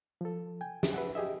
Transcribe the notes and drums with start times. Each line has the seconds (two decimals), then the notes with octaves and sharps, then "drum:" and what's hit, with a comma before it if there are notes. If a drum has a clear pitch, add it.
0.21 F3 A4
0.61 G5 G#5
0.83 drum: snare
0.94 B4 E5 F#5
1.15 G4 G#4 D#5 E5